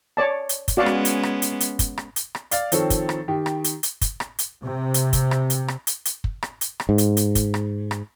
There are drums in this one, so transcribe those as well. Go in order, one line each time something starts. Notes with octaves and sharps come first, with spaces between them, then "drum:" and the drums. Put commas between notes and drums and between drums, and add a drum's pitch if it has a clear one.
C#5 D5 A5
drum: hi-hat
drum: kick, hi-hat
G#3 B3 C#4 F#4 D5 F5
drum: rim click
drum: hi-hat
drum: rim click
drum: hi-hat
drum: hi-hat
drum: kick, hi-hat
drum: rim click
drum: hi-hat
drum: rim click
D5 F5 A6, drum: hi-hat
D#3 F3 C4 A4 C#5, drum: hi-hat
drum: kick, hi-hat
drum: rim click
D#3 G4
drum: rim click
drum: hi-hat
drum: hi-hat
drum: kick, hi-hat
drum: rim click
drum: hi-hat
C3
drum: hi-hat
drum: kick, hi-hat
drum: rim click
drum: hi-hat
drum: rim click
drum: hi-hat
drum: hi-hat
drum: kick
drum: rim click
drum: hi-hat
drum: rim click
G#2
drum: hi-hat
drum: hi-hat
drum: kick, hi-hat
drum: rim click
drum: rim click